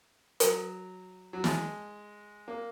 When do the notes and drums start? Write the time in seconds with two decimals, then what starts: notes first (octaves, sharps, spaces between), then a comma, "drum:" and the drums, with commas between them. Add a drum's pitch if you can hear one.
0.40 F#3, drum: hi-hat
1.33 F#3
1.44 G#3, drum: snare
2.48 A#3